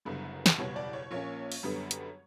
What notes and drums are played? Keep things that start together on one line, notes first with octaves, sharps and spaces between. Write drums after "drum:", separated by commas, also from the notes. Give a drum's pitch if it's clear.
F#1 F#2 D3 G3 B3 B4
drum: snare
F#1 E2 B2 G3 C#5
D5
C#5
A#1 A#2 A#3 C#4 C#5
drum: open hi-hat
F#2 D3 G3 B3
drum: hi-hat